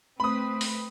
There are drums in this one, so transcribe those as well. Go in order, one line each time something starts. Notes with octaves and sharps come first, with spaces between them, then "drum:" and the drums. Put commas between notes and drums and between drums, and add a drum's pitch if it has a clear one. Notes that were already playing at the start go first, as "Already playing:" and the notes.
A3 C4 B4 B5 D#6
drum: open hi-hat